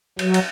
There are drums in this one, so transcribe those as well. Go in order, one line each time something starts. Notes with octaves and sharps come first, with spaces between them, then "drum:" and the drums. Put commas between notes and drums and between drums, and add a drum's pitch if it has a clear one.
F#3, drum: cymbal
drum: cymbal